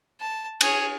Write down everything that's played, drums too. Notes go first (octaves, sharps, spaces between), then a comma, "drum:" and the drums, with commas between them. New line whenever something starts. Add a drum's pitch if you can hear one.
A5
G#4 C#5, drum: cymbal